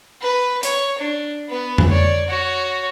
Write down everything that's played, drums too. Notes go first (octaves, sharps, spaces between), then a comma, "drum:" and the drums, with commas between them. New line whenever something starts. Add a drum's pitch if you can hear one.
B4
C#5, drum: hi-hat
D4
B3 B4
drum: tom F2
C#5 D5
F#4 C#5